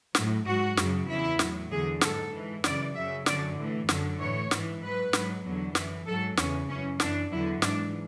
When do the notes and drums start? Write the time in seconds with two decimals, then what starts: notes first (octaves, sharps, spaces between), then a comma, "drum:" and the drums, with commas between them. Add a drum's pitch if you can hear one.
0.15 A2 F#3, drum: snare
0.46 G#2 F#3 F#4
0.77 F#2 C#3 F#3, drum: snare
1.08 E2 C#3 E3 E4
1.39 A2 F#3, drum: snare
1.71 E2 D3 F#3 G#4
2.01 G#2 F#3 A4, drum: snare
2.33 G#2 E3
2.64 F#2 C#3 E3 D5, drum: snare
2.95 F#2 C#3 F#3 E5
3.26 F#2 D3 F#3 D5, drum: snare
3.58 A2 E3
3.89 F#2 D3 F#3, drum: snare
4.19 A2 E3 C#5
4.51 G#2 E3, drum: snare
4.82 G#2 F#3 B4
5.13 G#2 F#3, drum: snare
5.45 E2 D3 F#3
5.75 F#2 E3, drum: snare
6.07 G#2 F#3 A4
6.37 E2 C#3 E3 C#4, drum: snare
6.68 F#2 E3 C#4
7.00 F#2 E3 D4, drum: snare
7.31 E2 D3 F#3 E4
7.62 G#2 E3 D4, drum: snare